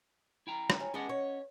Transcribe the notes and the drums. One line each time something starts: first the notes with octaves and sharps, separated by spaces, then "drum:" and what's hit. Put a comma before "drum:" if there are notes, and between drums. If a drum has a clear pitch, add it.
E4 G5 A#5
drum: rim click
C#4
G#3 B3 C#4 D4 D#5 F#5
C#5